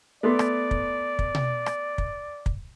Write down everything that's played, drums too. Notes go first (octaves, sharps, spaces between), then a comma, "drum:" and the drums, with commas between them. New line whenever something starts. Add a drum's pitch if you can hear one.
A3 B3 D5 C6
drum: rim click
drum: kick
drum: kick
drum: tom B2
drum: rim click
drum: kick
drum: kick